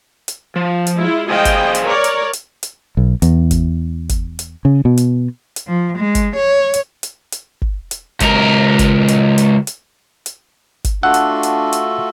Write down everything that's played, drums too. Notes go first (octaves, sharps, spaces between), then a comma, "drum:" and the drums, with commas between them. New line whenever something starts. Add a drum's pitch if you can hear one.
drum: hi-hat
F3
drum: hi-hat
G#3 E4 F4
G#4 C5 D#5 F5 G5
drum: kick G1, hi-hat
drum: hi-hat
A#4 C#5 D5
drum: hi-hat
drum: hi-hat
drum: hi-hat
B1
E2, drum: hi-hat
drum: kick G1, hi-hat
drum: kick G1, hi-hat
drum: hi-hat
C#3
B2
drum: hi-hat
drum: hi-hat
F3
G#3
drum: kick G1, hi-hat
C#5
drum: hi-hat
drum: hi-hat
drum: hi-hat
drum: kick G1
drum: hi-hat
C#2 A#4, drum: kick G1, hi-hat
drum: kick G1, hi-hat
drum: hi-hat
drum: hi-hat
drum: hi-hat
drum: hi-hat
drum: kick G1, hi-hat
A3 D4 F4 F#4 F#5 E6
drum: hi-hat
drum: hi-hat
drum: hi-hat